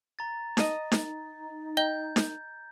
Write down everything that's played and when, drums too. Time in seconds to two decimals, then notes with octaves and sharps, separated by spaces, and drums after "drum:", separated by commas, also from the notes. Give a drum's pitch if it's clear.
0.19 A#5 A6
0.57 D#5 A5, drum: snare D#4
0.92 drum: snare D#4
1.03 D#4
1.77 D#5 G5 G6 G7
2.16 drum: snare D#4